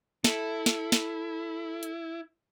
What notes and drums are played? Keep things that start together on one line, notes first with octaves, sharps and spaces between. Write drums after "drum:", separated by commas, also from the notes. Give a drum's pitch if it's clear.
E4 A4, drum: snare
drum: snare
drum: snare
drum: hi-hat